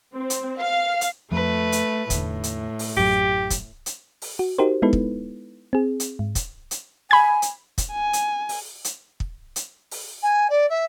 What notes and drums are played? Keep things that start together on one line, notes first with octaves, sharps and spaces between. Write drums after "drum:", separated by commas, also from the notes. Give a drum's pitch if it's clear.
C4
drum: hi-hat
F5
drum: hi-hat
F2 F3 A3 B4
drum: hi-hat
E2 A2 D3, drum: kick, hi-hat
drum: hi-hat
drum: open hi-hat
A1 F#2 F#3 G4
drum: kick, hi-hat
drum: hi-hat
drum: open hi-hat
F#4
D#4 F#4 G4 A#4 C5
G#3 B3 D#4 E4 A4 B4
drum: kick
C4 G#4
drum: hi-hat
G#2
drum: kick, hi-hat
drum: hi-hat
G#5 B5 G#6
drum: hi-hat
drum: kick, hi-hat
G#5
drum: hi-hat
drum: open hi-hat
drum: hi-hat
drum: kick
drum: hi-hat
drum: open hi-hat
G#5
D5
E5